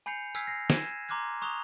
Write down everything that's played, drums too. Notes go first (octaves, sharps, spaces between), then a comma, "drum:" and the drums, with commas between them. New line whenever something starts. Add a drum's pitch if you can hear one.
G#5 B5 G6 C7 C#7 F7
G#5 E6 F6 G#6 B6 C7, drum: tambourine
A#6 C7
G#6 A#6 D#7 E7, drum: snare
A#5 C6 D6 F6 F#6 G#6
A#5 C#6 D#6 F#6 F7 G7